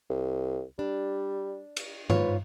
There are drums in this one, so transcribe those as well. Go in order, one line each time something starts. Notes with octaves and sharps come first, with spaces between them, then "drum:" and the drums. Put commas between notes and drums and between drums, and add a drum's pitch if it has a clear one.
C2
G3 D4
drum: cymbal
G#2 F4 B4 C#5, drum: tom G2